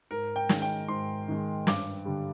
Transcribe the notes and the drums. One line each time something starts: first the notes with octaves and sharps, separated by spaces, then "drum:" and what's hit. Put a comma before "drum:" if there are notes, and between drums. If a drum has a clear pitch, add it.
G#2 A#4
G5
D#3 G#3, drum: snare
G5
G#2 C6
D#3 G#3
G2 D6, drum: snare
D3 G3